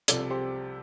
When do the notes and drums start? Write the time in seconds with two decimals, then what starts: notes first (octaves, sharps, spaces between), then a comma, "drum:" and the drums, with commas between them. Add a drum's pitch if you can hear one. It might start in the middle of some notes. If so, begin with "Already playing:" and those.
0.08 C2 C3 F3 A4 D5, drum: hi-hat
0.30 G4 C5